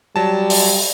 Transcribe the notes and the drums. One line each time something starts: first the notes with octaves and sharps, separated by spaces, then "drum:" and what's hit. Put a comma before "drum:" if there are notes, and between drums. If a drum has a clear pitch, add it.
F#3 G3 A5
drum: open hi-hat